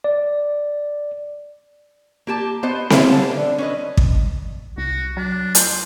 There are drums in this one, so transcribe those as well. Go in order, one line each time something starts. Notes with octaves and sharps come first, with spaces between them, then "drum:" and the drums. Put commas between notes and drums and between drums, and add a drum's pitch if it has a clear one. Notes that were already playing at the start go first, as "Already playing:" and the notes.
D5
A#3 G4 A5
B3 C5 D#5
A#3 C5 C#5 E5 F5, drum: snare C4
B3 A5
D3
C#4 B4 D#5
drum: kick
C2 F#4
F#3 D4
C5, drum: hi-hat